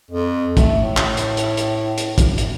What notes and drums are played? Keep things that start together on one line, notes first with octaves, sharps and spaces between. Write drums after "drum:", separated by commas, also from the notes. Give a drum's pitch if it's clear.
F2
A3, drum: kick, hi-hat
A2
drum: clap
drum: hi-hat
drum: hi-hat
drum: hi-hat
drum: hi-hat
drum: kick, hi-hat
drum: hi-hat